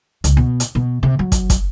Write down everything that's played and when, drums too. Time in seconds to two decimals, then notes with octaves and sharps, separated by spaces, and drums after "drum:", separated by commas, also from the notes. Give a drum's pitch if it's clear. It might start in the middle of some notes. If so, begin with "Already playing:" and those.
0.24 C#2, drum: hi-hat
0.37 B2
0.60 drum: hi-hat
0.75 B2
1.03 C3
1.19 F#3
1.32 drum: kick, hi-hat
1.50 drum: kick, hi-hat